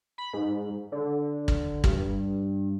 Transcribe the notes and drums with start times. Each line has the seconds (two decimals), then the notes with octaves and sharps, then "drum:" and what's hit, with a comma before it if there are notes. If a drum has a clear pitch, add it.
0.18 B5
0.33 G#2
0.92 D3
1.48 drum: kick
1.84 G2, drum: kick